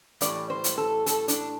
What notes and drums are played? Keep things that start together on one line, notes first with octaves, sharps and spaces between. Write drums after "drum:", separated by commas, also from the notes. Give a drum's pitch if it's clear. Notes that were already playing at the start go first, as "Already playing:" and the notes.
A2 E3 G3 D5, drum: hi-hat
C5
drum: hi-hat
A4
A4, drum: hi-hat
D4, drum: hi-hat